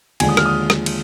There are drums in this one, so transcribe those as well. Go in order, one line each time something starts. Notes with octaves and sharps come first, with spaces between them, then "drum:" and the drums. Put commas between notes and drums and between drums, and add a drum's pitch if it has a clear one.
D#2 D3 F3 G#3 G#5, drum: cymbal
D#6
F6, drum: rim click
D#6
drum: rim click
drum: cymbal